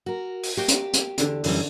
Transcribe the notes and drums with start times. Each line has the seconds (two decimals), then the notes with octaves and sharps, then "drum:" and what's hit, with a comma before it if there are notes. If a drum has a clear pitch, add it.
0.06 F#4 A#4
0.43 drum: open hi-hat
0.57 A#3 F#4 G4 G5
0.68 drum: hi-hat
0.93 drum: hi-hat
1.18 E2 D3, drum: hi-hat
1.44 F#2 E3 G3, drum: open hi-hat